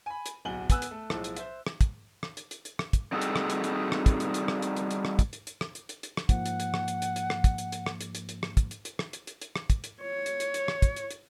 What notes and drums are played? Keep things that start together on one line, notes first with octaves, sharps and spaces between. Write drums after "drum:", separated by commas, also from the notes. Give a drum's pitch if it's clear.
G#5 B5
drum: hi-hat
D1 B1 F#4 G#5 F#7 G7
B3 G#5 E6 F#6, drum: kick, hi-hat
drum: hi-hat
A3
B1 A2 F3 G#3, drum: rim click
drum: hi-hat
C5 E5, drum: hi-hat
drum: rim click
drum: kick, hi-hat
drum: rim click
drum: hi-hat
drum: hi-hat
drum: hi-hat
drum: rim click
drum: kick, hi-hat
G3 C4 D#4 F#4 G#4 A4
drum: hi-hat
drum: rim click
drum: hi-hat
drum: hi-hat
drum: rim click
drum: kick, hi-hat
drum: hi-hat
drum: hi-hat
drum: rim click
drum: hi-hat
drum: hi-hat
drum: hi-hat
drum: rim click
drum: kick, hi-hat
drum: hi-hat
drum: hi-hat
drum: rim click
drum: hi-hat
drum: hi-hat
drum: hi-hat
drum: rim click
G#2 F3 A#3 F#5, drum: kick, hi-hat
drum: hi-hat
drum: hi-hat
drum: rim click
drum: hi-hat
drum: hi-hat
drum: hi-hat
drum: rim click
drum: kick, hi-hat
drum: hi-hat
drum: hi-hat
drum: rim click
drum: hi-hat
drum: hi-hat
drum: hi-hat
drum: rim click
drum: kick, hi-hat
drum: hi-hat
drum: hi-hat
drum: rim click
drum: hi-hat
drum: hi-hat
drum: hi-hat
drum: rim click
drum: kick, hi-hat
drum: hi-hat
C#5
drum: hi-hat
drum: hi-hat
drum: hi-hat
drum: rim click
drum: kick, hi-hat
drum: hi-hat
drum: hi-hat